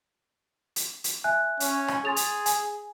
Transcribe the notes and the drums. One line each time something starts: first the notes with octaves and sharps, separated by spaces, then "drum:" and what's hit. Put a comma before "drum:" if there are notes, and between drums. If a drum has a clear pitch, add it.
drum: hi-hat
drum: hi-hat
E5 G#5 F#6
C#4, drum: hi-hat
drum: rim click
G#4 C6 A6 F7
drum: hi-hat
G#5, drum: hi-hat